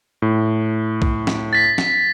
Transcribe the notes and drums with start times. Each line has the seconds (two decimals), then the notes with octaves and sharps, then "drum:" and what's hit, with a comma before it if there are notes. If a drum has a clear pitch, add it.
0.22 A2
1.02 drum: kick B1
1.27 drum: snare
1.53 A6 B6
1.78 drum: snare